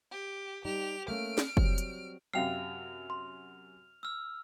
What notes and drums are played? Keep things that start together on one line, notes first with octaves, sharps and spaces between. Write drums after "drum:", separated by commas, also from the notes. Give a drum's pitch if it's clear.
G4
G3 D#4 G4 F7
A3 A#3 C#4 F6 D7
drum: snare
F#3 G3 C4, drum: kick
drum: hi-hat
F#2 C3 F#3 F5 G5 F6 C7 F7
C6
E6 F6